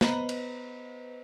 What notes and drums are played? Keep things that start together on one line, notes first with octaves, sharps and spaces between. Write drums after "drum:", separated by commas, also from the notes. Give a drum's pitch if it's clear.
B3 B4 C5 D#5 A#5 B5, drum: snare
drum: cymbal